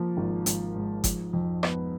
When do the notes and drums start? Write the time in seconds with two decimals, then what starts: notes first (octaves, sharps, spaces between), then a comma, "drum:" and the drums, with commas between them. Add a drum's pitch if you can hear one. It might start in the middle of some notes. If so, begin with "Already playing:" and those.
Already playing: F3 A#3
0.17 G#1
0.46 G#1, drum: hi-hat
0.76 G#2
1.04 F3, drum: kick G1, hi-hat
1.33 F2
1.63 B3, drum: rim click